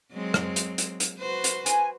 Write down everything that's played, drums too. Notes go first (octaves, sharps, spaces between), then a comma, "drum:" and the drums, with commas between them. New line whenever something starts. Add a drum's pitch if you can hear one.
F#3 G#3 C4
drum: rim click
drum: hi-hat
drum: hi-hat
drum: hi-hat
F#4 B4 C5
drum: hi-hat
G#5, drum: hi-hat